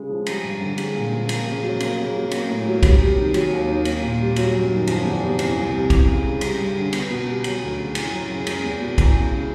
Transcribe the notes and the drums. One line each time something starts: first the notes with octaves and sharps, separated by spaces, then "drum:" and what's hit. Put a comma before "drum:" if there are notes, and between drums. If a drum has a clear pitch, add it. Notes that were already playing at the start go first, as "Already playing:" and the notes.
Already playing: C#3 G#3
F3
G3, drum: cymbal
G2
D3
G#3, drum: cymbal
A#2
F3
A#3, drum: cymbal
C#3
F#3
A#3, drum: cymbal
C#3
F#3
A#3, drum: cymbal
A2
F#3
G3, drum: kick, cymbal
C3
D#3
F#3, drum: cymbal
D#2
D#3
A#3, drum: cymbal
A#2
G3
F#3, drum: cymbal
F#2
D#3
F3, drum: cymbal
E2
C3
E3, drum: cymbal
C2
C3
E3, drum: kick, cymbal
C#2
C#3
G3, drum: cymbal
G2
D3
B3, drum: cymbal
B2
G3
F#3, drum: cymbal
D2
C#3
E3, drum: cymbal
F#2
C#3
G#3, drum: cymbal
E2
B2
E3, drum: kick, cymbal
C#2
C#3